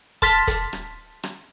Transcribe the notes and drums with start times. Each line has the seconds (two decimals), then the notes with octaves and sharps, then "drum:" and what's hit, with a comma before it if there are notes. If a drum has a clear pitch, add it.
0.22 A5 C6 F6 A6 B6, drum: kick, hi-hat
0.47 drum: kick, hi-hat
0.73 drum: rim click
1.23 drum: rim click